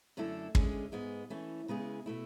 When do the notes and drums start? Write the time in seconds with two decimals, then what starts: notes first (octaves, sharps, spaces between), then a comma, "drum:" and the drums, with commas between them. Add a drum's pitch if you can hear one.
0.17 F#2 D3 A3 E4 A4
0.55 D3 G#3 C#4 G#4, drum: kick
0.92 G#2 G#3 B3
1.30 E3 A3 C#4
1.68 C#3 G#3 B3 E4 G#4
2.06 B2 A3 E4